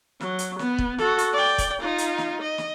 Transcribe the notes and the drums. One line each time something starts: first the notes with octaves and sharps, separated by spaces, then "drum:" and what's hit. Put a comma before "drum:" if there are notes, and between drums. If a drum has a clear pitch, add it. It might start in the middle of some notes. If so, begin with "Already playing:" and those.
F#3, drum: snare
drum: hi-hat
B3, drum: snare
drum: kick
F#4 A4, drum: snare
drum: hi-hat
D5 G5
drum: kick, hi-hat
D#4 F4
drum: hi-hat
drum: snare
D#5
drum: snare